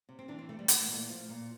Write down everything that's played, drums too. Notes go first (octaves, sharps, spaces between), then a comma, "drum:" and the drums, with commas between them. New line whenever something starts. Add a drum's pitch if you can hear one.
C3
C4
E3 D4
C4
C3 A3
G3
E3 A3, drum: hi-hat
A3
A#2 A#3
A3
F3
A#2